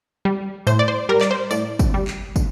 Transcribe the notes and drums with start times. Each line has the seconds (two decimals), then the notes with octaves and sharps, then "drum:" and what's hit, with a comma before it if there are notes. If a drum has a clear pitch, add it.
0.25 G3
0.67 A2 C5, drum: tambourine
0.79 D5
0.88 C5
1.09 G3 A#4
1.21 D5, drum: clap
1.31 C5
1.51 A2 D5, drum: tambourine
1.79 drum: kick, tambourine
1.94 G3
2.08 drum: clap
2.36 drum: kick, tambourine